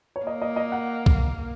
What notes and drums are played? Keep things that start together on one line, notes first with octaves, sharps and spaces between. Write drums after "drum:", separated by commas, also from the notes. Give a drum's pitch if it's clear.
C#5
A#3 D#5
D#5
D#5
F#5
drum: kick B1